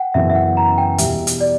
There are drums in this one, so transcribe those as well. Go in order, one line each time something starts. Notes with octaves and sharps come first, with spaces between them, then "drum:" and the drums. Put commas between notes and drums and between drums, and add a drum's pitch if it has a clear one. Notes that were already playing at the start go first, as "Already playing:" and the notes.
Already playing: F#5 G5
F#2 C#3 E3 B3 E4 E5
E5
F#5
A#5
G5
E2 B2 G3 E5, drum: hi-hat
drum: hi-hat
D5